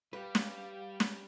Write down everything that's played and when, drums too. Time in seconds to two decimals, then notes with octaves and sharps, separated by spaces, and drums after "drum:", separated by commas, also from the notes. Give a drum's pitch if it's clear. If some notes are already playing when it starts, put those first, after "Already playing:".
0.13 G3 G4 B4 F5
0.35 drum: snare
1.00 drum: snare